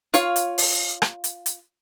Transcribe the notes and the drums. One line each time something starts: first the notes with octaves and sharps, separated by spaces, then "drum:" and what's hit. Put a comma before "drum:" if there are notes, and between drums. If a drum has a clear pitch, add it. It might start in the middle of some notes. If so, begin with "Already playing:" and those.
F4 C#5 F5, drum: hi-hat
drum: hi-hat
drum: open hi-hat
drum: rim click
drum: hi-hat
drum: hi-hat